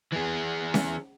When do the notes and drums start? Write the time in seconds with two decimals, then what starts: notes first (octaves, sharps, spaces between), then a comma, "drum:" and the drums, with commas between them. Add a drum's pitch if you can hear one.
0.12 E3 G#4
0.74 drum: snare C#4